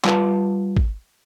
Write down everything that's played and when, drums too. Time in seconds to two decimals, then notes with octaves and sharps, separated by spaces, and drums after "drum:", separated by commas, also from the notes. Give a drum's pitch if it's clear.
0.05 G3 F4 B4 A5, drum: clap
0.77 drum: kick